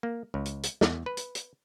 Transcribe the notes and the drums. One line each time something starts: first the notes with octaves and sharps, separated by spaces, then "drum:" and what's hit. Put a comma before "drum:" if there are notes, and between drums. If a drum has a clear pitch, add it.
A#3
C#2
drum: hi-hat
drum: hi-hat
E2, drum: snare
B4
drum: hi-hat
drum: hi-hat